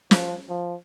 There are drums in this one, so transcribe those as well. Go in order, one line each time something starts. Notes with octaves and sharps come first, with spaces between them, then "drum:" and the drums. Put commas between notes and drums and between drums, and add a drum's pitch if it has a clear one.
F3, drum: snare
F3